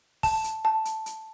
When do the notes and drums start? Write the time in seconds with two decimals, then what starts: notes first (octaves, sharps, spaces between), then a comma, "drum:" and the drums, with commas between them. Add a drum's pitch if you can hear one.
0.23 A5, drum: kick, open hi-hat
0.44 drum: hi-hat
0.65 A5
0.85 drum: hi-hat
1.06 drum: hi-hat